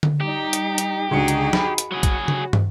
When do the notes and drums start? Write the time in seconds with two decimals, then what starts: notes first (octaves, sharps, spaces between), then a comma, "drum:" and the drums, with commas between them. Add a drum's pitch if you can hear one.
0.03 drum: tom D3
0.21 G3 D#4 G4
0.53 drum: hi-hat
0.78 drum: hi-hat
1.11 C#2 D3 D#4 F#4 G#4 C#7
1.28 drum: hi-hat
1.53 B5, drum: snare
1.78 drum: hi-hat
1.91 F#3 F#4 G#4
2.03 drum: kick, hi-hat
2.28 drum: tom C#3
2.53 drum: tom